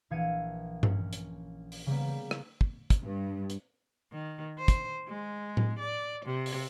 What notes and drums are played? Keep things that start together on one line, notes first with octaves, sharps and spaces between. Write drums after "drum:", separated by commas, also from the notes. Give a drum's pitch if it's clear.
A#1 E3 F5 G#6 C#7 D#7
C#4, drum: tom G2
drum: hi-hat
drum: open hi-hat
C#3 G3 A#3 B3
G3
drum: rim click
drum: kick
drum: kick, hi-hat
G2
drum: hi-hat
D#3
C5
drum: kick, hi-hat
G#3
drum: tom A2
D5
C3
drum: open hi-hat